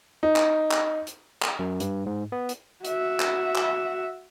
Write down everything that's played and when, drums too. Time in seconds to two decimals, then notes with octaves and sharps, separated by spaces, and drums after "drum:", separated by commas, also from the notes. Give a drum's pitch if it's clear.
0.23 D#4
0.36 drum: clap
0.71 drum: clap
1.07 drum: hi-hat
1.42 drum: clap
1.59 F#2
1.80 G2, drum: hi-hat
2.06 G#2
2.32 B3
2.49 drum: hi-hat
2.85 F#4 E5, drum: hi-hat
3.20 drum: clap
3.56 drum: clap